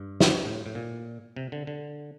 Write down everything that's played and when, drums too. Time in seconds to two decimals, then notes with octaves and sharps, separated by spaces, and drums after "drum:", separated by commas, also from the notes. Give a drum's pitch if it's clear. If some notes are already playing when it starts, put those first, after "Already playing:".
Already playing: G2
0.20 drum: snare
0.45 A2
0.66 A2
0.75 A#2
1.36 C3
1.52 D3
1.67 D3